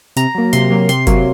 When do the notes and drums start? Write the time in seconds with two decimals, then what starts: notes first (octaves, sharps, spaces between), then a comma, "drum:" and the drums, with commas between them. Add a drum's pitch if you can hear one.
0.16 C3 A#5, drum: hi-hat
0.35 F#3 A#3
0.53 C3 C6, drum: hi-hat
0.70 F#3 A#3
0.89 C3 C6, drum: hi-hat
1.07 F#3 A#3, drum: kick F#1, hi-hat